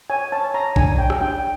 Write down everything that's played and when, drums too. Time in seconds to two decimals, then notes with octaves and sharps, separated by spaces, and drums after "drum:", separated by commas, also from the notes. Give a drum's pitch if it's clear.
0.10 C#5 G#5
0.32 C#5 A5
0.54 C#5 A#5
0.76 D4 G#5, drum: kick A#1
0.98 C#5 G5
1.10 drum: rim click
1.21 D4 G5